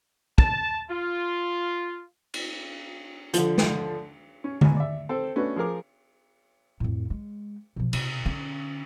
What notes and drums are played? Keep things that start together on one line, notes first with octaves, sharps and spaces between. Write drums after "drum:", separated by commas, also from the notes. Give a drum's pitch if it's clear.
A5, drum: kick
F4
drum: cymbal
D3 F3, drum: hi-hat
drum: snare
C#4
G#2 B2 G#5, drum: tom D3
D5 E5
C4 A4 C5
A3 B3 C#4 D4 F#4 B4
F3 G#4 A#4 D6
F2 A2
G#3
B2 F3
C3, drum: cymbal
D3 C#4